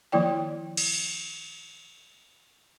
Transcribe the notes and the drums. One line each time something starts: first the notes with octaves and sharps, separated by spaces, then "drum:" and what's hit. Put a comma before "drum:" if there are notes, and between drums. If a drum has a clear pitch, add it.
D#3 F3 A#3 E4 D5 G5
drum: cymbal